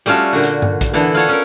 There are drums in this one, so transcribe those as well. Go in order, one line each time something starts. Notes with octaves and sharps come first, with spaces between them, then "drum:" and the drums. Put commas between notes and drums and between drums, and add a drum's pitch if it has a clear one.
G3 A3 C#4 F4 F#4 A4, drum: hi-hat
A#2 D3 F#4
drum: hi-hat
drum: tom G2
drum: kick, hi-hat
D3 E3 B3 E4 A4
F4 A4 C#5 F#5
C#4 A#4